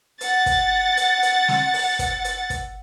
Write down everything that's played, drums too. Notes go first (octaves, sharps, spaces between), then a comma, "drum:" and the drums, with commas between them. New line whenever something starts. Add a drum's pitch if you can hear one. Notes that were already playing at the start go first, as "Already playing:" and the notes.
F#5 A6, drum: hi-hat
drum: kick, hi-hat
drum: hi-hat
drum: hi-hat
drum: snare
drum: open hi-hat
drum: kick, hi-hat
drum: hi-hat
drum: kick, hi-hat